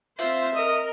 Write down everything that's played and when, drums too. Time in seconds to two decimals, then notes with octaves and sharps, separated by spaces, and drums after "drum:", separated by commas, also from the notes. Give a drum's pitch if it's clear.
0.18 C4 F4 C5 E5, drum: hi-hat
0.55 A#4 D#5 D#6